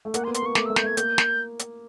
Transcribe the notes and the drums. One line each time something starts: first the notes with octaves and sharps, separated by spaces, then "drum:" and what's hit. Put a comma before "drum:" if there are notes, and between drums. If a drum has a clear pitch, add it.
A3
A#3 F#5, drum: hi-hat
C6
B3
C6, drum: hi-hat
A#3 C#6
A3 D6, drum: snare
A3 E6
G6, drum: snare
A3 G#6
A#3 G6, drum: hi-hat
drum: snare
drum: hi-hat